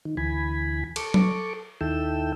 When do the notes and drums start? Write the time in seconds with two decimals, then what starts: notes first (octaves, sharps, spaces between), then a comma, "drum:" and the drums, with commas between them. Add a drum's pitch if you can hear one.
0.05 D#3
0.17 D2 E3 G#5 B5
0.96 A4 C#6 D6, drum: cymbal
1.14 drum: tom F#3
1.81 D#2 D#3 E4 A4 G5 E6